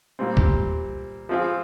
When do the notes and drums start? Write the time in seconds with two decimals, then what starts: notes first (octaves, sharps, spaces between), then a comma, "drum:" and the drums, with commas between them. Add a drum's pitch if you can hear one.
0.19 A#2 G3 C4
0.37 drum: kick C2
1.29 F3 C4 F4 G#4